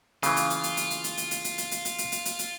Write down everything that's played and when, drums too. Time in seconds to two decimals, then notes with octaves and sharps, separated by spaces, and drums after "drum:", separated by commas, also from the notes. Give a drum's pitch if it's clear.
0.23 C#3 E3 F4, drum: hi-hat
0.37 drum: hi-hat
0.50 drum: hi-hat
0.64 drum: hi-hat
0.77 drum: hi-hat
0.90 drum: hi-hat
1.04 drum: hi-hat
1.17 drum: hi-hat
1.31 drum: hi-hat
1.44 drum: hi-hat
1.58 drum: hi-hat
1.71 drum: hi-hat
1.85 drum: hi-hat
1.98 drum: hi-hat
2.12 drum: hi-hat
2.25 drum: hi-hat
2.39 drum: hi-hat